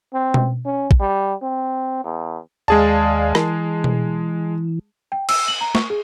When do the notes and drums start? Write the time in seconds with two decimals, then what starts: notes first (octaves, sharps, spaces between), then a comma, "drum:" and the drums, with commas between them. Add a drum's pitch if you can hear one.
0.13 C4
0.34 drum: tom B2
0.65 C#4
0.91 drum: kick
1.00 G3
1.42 C4
2.04 E2
2.68 D#2 G#3 G#4 D5 F5 A5
3.35 E3, drum: rim click
3.84 drum: tom B2
5.12 G5
5.29 E6, drum: cymbal
5.48 F#7
5.61 A#5
5.75 C#6, drum: snare
5.90 G#4